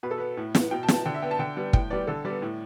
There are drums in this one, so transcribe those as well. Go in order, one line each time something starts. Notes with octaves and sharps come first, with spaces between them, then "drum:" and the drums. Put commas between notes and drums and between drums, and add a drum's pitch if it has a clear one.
B2 B4
A4
B3 B4
A2
E3 B3, drum: snare
B2 G5
A5
B3, drum: snare
A5
D3 G5
E5
B3 G5
A5
D3 G5
G3 B3
A2 G5, drum: kick
G3 B3 D5
D3 A4
G3 B3 D5
A2